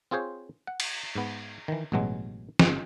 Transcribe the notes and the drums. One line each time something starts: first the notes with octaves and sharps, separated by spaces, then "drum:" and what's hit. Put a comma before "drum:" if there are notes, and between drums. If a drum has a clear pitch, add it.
C4 F4 G#4 C5 C#5
F#5
drum: cymbal
G#2 B3
D#3 E3
A1 G2 B2 F#3 G#3
G1, drum: snare